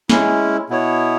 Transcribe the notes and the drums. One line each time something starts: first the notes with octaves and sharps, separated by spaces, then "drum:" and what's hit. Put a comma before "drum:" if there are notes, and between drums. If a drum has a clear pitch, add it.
G#3 C#4 E4, drum: snare
B2 B3 E4 C#5